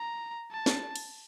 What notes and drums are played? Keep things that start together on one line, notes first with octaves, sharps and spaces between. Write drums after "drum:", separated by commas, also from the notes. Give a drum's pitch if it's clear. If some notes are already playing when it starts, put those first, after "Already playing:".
Already playing: A#5
A5
drum: snare
drum: cymbal